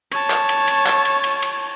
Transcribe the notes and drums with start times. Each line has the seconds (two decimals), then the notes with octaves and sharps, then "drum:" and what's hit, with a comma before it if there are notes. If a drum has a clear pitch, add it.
0.12 C#5 A5, drum: cymbal
0.30 drum: clap
0.49 drum: cymbal
0.68 drum: cymbal
0.86 drum: clap
1.05 drum: cymbal
1.24 drum: cymbal
1.42 drum: cymbal